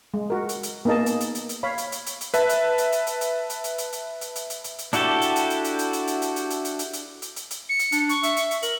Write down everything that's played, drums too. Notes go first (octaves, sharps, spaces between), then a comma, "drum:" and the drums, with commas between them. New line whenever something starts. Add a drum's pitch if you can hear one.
G#3
F#4 A#4
drum: hi-hat
drum: hi-hat
A#3 B3 D#4 G#4 D#5 A5
drum: hi-hat
drum: hi-hat
drum: hi-hat
drum: hi-hat
C#5 F5 B5
drum: hi-hat
drum: hi-hat
drum: hi-hat
drum: hi-hat
B4 E5 A5, drum: hi-hat
drum: hi-hat
drum: hi-hat
drum: hi-hat
drum: hi-hat
drum: hi-hat
drum: hi-hat
drum: hi-hat
drum: hi-hat
drum: hi-hat
drum: hi-hat
drum: hi-hat
drum: hi-hat
drum: hi-hat
drum: hi-hat
D4 E4 F#4 G4 A4, drum: hi-hat
drum: hi-hat
drum: hi-hat
drum: hi-hat
drum: hi-hat
drum: hi-hat
drum: hi-hat
drum: hi-hat
drum: hi-hat
drum: hi-hat
drum: hi-hat
drum: hi-hat
drum: hi-hat
drum: hi-hat
drum: hi-hat
drum: hi-hat
drum: hi-hat
C#7
drum: hi-hat
D4, drum: hi-hat
C#6, drum: hi-hat
E5, drum: hi-hat
drum: hi-hat
drum: hi-hat
A#4 F#7, drum: hi-hat